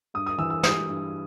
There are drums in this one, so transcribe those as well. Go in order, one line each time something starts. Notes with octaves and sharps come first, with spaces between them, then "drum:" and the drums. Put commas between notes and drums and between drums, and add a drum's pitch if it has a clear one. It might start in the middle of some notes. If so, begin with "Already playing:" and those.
G2 D#6
D#6
E3 E6
E6
G3 D#6, drum: snare
G2